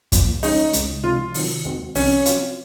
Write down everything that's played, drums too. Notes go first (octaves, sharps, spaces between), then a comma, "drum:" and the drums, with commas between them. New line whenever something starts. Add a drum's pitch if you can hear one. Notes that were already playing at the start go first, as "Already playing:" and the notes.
C2 A#2 F3, drum: kick, hi-hat
C#3 G#3 C#4 D#4 G#4 C#5, drum: open hi-hat
C#2 C#3 G#3, drum: hi-hat
C3 F3 G#3 F4
C3 D#3 F#3, drum: open hi-hat
D#2 D#3 G#3 C4 F#4
C2 C3 F3 C#4, drum: open hi-hat
F#3 C4 F4, drum: hi-hat